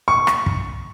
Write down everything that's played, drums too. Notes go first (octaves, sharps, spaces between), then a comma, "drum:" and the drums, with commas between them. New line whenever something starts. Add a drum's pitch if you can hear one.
C#6
drum: rim click
drum: kick